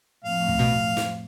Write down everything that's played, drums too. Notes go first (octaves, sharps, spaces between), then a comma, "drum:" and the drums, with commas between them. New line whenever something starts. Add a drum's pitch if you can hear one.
F2 A2 F5
drum: kick
B2
drum: snare